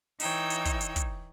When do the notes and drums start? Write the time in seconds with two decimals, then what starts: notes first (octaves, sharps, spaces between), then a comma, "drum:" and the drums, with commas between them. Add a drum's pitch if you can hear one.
0.20 E3 D#4 C#5 G5 E6, drum: open hi-hat
0.50 drum: hi-hat
0.65 drum: kick, hi-hat
0.81 drum: hi-hat
0.96 drum: kick, hi-hat